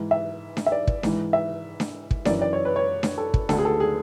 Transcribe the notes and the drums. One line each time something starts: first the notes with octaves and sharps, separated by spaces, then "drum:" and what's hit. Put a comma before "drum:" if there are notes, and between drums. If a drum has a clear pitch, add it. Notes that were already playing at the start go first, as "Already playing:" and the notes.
Already playing: G#2 E3
E5
drum: snare D4
E5
D5
drum: kick
G#2 E3, drum: snare D4
E5
drum: snare D4
drum: kick
F#2 E3 D5, drum: snare D4
D5
C#5
B4
C#5
drum: snare D4
A4
drum: kick
D2 D3 A4, drum: snare D4
G#4
A4
G#4